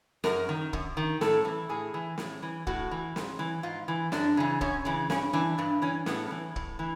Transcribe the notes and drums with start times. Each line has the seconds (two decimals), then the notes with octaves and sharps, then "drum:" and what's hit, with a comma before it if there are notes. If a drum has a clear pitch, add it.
0.24 F#2 A#4, drum: snare
0.49 D#3
0.73 F#2, drum: kick
0.97 D#3
1.21 A2 A4, drum: snare
1.45 E3
1.69 A2 G#4
1.94 E3
2.18 A2, drum: snare
2.42 E3
2.67 A2 F#4, drum: kick
2.91 E3
3.16 G#2, drum: snare
3.39 E3
3.63 G#2 F4
3.88 E3
4.12 F#2 D4, drum: snare
4.37 C#3 E3
4.61 F#2 C#4, drum: kick
4.85 C#3 E3
5.10 G2 C#4, drum: snare
5.33 E3 D4
5.58 G2 D4
5.82 E3 C#4
6.06 A2 B3, drum: snare
6.31 E3
6.56 A2, drum: kick
6.79 E3